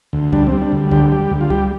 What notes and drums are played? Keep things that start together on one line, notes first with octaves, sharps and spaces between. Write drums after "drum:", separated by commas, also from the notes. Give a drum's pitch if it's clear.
D2
G3 D4, drum: kick C#2
C4
G3
D4
D2
D3 G4, drum: kick C#2
G3
D2
F4
G3 G4, drum: kick C#2